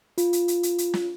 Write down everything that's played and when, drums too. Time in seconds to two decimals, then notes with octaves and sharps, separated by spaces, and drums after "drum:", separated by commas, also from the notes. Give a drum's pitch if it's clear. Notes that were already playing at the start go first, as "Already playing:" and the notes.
0.18 F4, drum: hi-hat
0.33 drum: hi-hat
0.48 drum: hi-hat
0.63 drum: hi-hat
0.78 drum: hi-hat
0.94 drum: snare